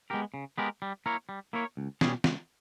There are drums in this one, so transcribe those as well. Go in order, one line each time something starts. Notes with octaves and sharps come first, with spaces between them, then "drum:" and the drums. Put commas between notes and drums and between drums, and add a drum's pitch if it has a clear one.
G#3 B3 G4 A#4
C#3
G#3 B3 G4 A#4
G3
A#3 E4 A#4 C#5
G3
A#3 E4 A#4 C#5
C#2
B2 G3 C#4 G#4, drum: snare
C#2, drum: snare